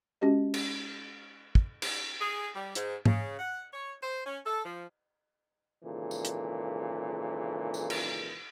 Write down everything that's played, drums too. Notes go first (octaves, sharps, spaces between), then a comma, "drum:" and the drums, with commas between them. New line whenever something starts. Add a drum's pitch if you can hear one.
G#3 C#4 F#4 G4 D#5
drum: cymbal
drum: kick
drum: cymbal
G#4
G3
G#2, drum: hi-hat
C#3, drum: tom G#2
F#5
C#5
C5
C#4
A4
F3
G#1 A#2 C#3 E3 A4
drum: tambourine
drum: hi-hat
drum: tambourine
drum: cymbal